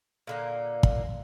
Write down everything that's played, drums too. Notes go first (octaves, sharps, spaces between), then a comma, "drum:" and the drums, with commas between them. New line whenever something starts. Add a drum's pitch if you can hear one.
A#2 D3 A#3
drum: kick